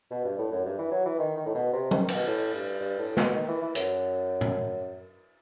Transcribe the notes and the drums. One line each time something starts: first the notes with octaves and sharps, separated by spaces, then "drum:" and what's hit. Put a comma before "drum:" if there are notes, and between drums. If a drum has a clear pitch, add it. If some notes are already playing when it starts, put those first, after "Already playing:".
B2
G2
A2
F#2
G2
E3
F#3
E3
D#3
D#3
A2
B2
C3
D#3, drum: tom
B2, drum: cymbal
A2
G2
G2
A2
B2, drum: snare
D#3
E3
E3
F#2, drum: hi-hat
drum: tom A2